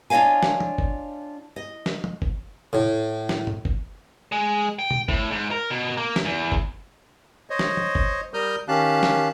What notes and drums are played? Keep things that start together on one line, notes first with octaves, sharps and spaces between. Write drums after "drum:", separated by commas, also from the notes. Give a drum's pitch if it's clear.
D4 F4 C#5 D#5 F5 G#5
drum: snare
drum: tom
drum: kick
D#5
drum: snare
drum: tom
drum: kick
A2
drum: snare
drum: tom G#2
drum: kick
G#3
G5
drum: tom B2
A2, drum: kick
G#2
A#4
B2
A#3
drum: snare
E2
drum: kick
C5 C#5 D#5
drum: snare
drum: tom
drum: kick
G3 A#4 D#6 F6 G6
D#3 C#4 G4 F5 A5 F#6
drum: snare